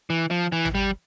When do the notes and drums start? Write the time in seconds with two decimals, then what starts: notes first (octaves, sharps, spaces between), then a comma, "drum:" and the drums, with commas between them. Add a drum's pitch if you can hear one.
0.10 E3
0.31 F3
0.52 E3
0.65 drum: tom G#1
0.75 G3